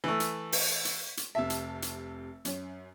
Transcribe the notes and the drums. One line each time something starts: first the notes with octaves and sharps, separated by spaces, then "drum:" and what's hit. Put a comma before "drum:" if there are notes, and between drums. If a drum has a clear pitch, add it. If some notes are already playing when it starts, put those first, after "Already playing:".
E3 A3
drum: hi-hat
drum: open hi-hat
drum: hi-hat
drum: hi-hat
F1 C3 E5 A5
drum: hi-hat
drum: hi-hat
F#2 C#4, drum: hi-hat